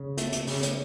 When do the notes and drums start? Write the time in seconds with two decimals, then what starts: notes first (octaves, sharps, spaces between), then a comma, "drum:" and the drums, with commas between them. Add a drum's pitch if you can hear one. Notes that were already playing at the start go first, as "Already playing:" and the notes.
Already playing: C#3
0.17 A3, drum: hi-hat
0.32 drum: hi-hat
0.47 C#3, drum: open hi-hat
0.63 drum: hi-hat